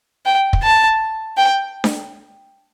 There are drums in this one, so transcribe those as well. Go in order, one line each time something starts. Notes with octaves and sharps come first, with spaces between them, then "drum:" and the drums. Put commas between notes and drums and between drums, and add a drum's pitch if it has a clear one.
G5
drum: kick
A5
G5
drum: snare D4